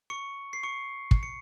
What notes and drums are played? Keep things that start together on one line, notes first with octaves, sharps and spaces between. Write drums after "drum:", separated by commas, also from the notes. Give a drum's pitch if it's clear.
C#6 C#7
C7
C#6 C#7
drum: kick
C#7